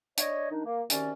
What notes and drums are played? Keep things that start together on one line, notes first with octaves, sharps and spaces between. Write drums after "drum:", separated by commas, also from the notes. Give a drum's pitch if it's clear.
D4 C#5 D#5, drum: hi-hat
D#3 D4 D#4
A#3
D#2 C3 D#3 C#4 F#4 D5, drum: hi-hat